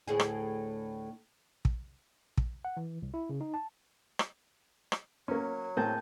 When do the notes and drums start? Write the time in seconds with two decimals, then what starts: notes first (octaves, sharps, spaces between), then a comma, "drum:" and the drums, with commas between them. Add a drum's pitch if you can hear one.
0.08 D2 A2 G#4
0.20 drum: rim click
1.65 drum: kick
2.38 drum: kick
2.65 F#5
2.77 E3
3.02 C2
3.14 E4
3.29 C#3
3.41 D#4
3.54 A5
4.19 drum: rim click
4.92 drum: rim click
5.28 F#3 A#3 C#4
5.77 A2 A#3 C4 G#4 A5 G6